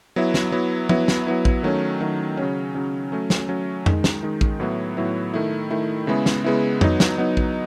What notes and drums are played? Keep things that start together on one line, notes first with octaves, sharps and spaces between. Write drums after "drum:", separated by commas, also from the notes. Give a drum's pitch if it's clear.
F#3 B3 E4
drum: snare
F#3 B3 E4
F#3 B3 E4, drum: tom F3
drum: snare
F#3 B3 E4
drum: kick A#1
D#3 F#3 A3 C#4
D#3 F#3 A3 C#4
C#3 F#3 C#4
C#3 F#3 C#4
F#3 A3 C#4
drum: snare
F#3 A3 C#4
D#3 G#3 D#4, drum: tom F2
drum: snare
D#3 G#3 D#4
drum: kick A#1
A2 F#3 B3 E4
A2 F#3 B3 E4
D#3 A3 E4
D#3 A3 E4
C#3 G#3 B3 E4
drum: snare
C#3 G#3 B3 E4
F#3 B3 D#4, drum: tom F2
drum: snare
F#3 B3 D#4
drum: kick A#1